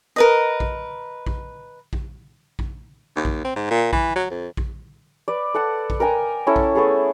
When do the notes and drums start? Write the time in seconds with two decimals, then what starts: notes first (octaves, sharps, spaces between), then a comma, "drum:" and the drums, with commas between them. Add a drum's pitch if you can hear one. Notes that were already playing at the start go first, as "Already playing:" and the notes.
0.16 A#4 B4 D#5
0.60 drum: kick A#1
1.26 drum: kick A#1
1.93 drum: kick A#1
2.59 drum: kick A#1
3.16 D#2
3.25 drum: kick A#1
3.45 C4
3.56 G#2
3.71 A#2
3.93 E3, drum: kick A#1
4.16 F#3
4.30 F2
4.57 drum: kick A#1
5.28 B4 D5
5.54 A4 F#5 A5
5.90 drum: kick A#1
6.00 A#4 G5 G#5 A#5
6.47 C#4 E4 A4
6.56 drum: kick A#1
6.75 A3 B3 G#4 A4